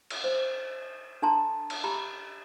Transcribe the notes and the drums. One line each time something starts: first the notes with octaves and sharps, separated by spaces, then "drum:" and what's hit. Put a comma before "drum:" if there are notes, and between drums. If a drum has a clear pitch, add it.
drum: cymbal
C5
D4 A4 A5 A#5 C6
drum: cymbal
G4 A#5 B5